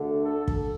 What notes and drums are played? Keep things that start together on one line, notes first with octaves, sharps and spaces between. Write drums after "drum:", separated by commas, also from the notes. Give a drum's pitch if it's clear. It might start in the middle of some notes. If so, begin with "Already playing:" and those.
Already playing: D2 D3 A3
A4
drum: kick